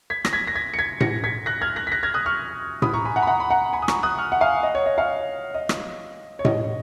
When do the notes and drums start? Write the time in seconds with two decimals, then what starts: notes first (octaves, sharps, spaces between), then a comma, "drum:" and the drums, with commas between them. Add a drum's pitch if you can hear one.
0.10 G#6 B6
0.25 A#6, drum: rim click
0.33 G#6 B6
0.47 A#6
0.56 G#6 B6
0.74 C#7
0.79 G#6 B6
1.01 A#6 C#7, drum: tom A2
1.24 G#6 B6
1.46 F#6 A#6
1.62 F6 G#6
1.76 F#6 A#6
1.87 B6
1.92 F#6 A#6
2.03 F6 G#6
2.14 D#6 F#6
2.26 C#6 F6
2.82 B5 D#6, drum: tom A2
2.93 A#5 C#6
3.05 G#5 B5
3.16 F#5 A#5
3.22 B5
3.27 F#5 A#5
3.40 B5
3.50 F#5 A#5
3.73 G#5 B5
3.82 D#6
3.88 A#5 C#6, drum: rim click
4.03 D#6 F#6
4.18 C#6 F6
4.32 F#5
4.41 F5 G#5
4.63 D#5
4.75 C#5
4.86 D#5
4.97 C#5 F5
5.54 D#5
5.69 drum: rim click
6.39 C#5
6.45 D#5, drum: tom A2